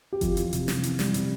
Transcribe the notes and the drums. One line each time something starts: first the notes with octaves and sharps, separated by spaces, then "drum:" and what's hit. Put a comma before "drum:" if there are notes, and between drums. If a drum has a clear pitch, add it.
G4
F2 F4, drum: kick F#1, hi-hat
E3, drum: hi-hat
C3, drum: hi-hat
C3, drum: snare
E3, drum: hi-hat
G3, drum: snare
C3, drum: hi-hat